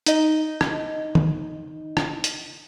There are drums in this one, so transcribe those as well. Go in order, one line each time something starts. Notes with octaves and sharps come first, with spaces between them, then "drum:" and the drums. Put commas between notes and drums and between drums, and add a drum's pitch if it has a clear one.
D#4 D#5, drum: hi-hat
drum: rim click
drum: tom
drum: rim click
drum: hi-hat